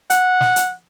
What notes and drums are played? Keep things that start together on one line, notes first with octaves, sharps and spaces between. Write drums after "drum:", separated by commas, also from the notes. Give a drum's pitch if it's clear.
F#5, drum: hi-hat
drum: snare
drum: hi-hat